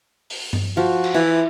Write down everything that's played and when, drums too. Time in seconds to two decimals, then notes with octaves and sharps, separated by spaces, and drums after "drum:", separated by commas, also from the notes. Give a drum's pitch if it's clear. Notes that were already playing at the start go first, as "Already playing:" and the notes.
0.30 drum: open hi-hat
0.53 drum: tom G2
0.77 F3 F#4
1.04 drum: cymbal
1.14 E3 E4